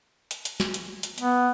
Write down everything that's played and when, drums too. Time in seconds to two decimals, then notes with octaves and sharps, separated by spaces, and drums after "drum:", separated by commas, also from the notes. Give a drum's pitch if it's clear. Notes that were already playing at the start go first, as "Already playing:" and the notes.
0.31 drum: hi-hat
0.45 drum: hi-hat
0.60 drum: snare
0.74 drum: hi-hat
1.03 drum: hi-hat
1.18 B3, drum: hi-hat